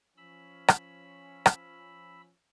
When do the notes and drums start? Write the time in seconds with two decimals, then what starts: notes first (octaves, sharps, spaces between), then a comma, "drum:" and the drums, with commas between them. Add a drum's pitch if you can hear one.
0.17 F3 C#4 B5 E6
0.68 drum: rim click
1.46 drum: rim click